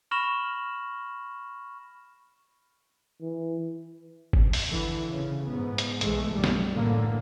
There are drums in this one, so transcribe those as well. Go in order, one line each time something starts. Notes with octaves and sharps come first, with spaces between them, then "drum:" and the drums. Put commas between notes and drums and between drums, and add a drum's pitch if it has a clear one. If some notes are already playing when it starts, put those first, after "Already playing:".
B5 C#6 F6 A#6 E7 F#7
E3
drum: kick G1
drum: open hi-hat
D3 E3
C#3
G#2 B3
drum: hi-hat
B1 E3 G#3 A3, drum: hi-hat
F#1 B1 G3
drum: snare
A2 D3 E3 A#3